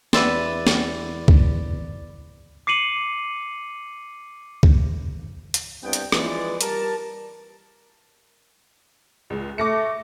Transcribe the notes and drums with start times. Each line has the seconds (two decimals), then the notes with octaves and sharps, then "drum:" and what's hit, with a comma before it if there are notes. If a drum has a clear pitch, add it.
0.13 E2 B4 D5 E5 C6 D6 A6, drum: snare B3
0.67 drum: snare B3
1.28 drum: kick
2.67 D6 C7 C#7 D#7 F#7
4.63 drum: kick
5.54 drum: hi-hat
5.83 C2 G2 B3 G5
5.93 drum: hi-hat
6.12 E3 F3 G#3 E4 B4 D5, drum: rim click
6.61 G3 A#4 A5, drum: hi-hat
9.30 C#2 G#3
9.58 A3 D6 A#6 C#7